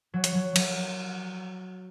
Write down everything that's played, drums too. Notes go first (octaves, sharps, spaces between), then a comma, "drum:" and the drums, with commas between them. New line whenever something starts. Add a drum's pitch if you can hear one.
F#3
drum: hi-hat
F#3
F#3, drum: cymbal